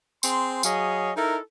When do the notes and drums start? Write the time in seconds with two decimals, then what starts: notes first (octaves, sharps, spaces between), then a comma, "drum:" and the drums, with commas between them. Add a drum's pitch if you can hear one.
0.23 C4 G#4 C5 C6, drum: tambourine
0.63 F#3 G#4 C#5 D#5 F5, drum: tambourine
1.16 D#4 E4 A4 A#4